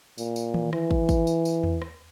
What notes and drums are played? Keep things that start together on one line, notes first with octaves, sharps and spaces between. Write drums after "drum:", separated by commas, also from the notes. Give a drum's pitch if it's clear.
A#2, drum: tambourine
drum: tambourine
drum: tom D#3
E3, drum: rim click
drum: kick
drum: kick, tambourine
drum: tambourine
drum: tambourine
drum: tom E2
drum: rim click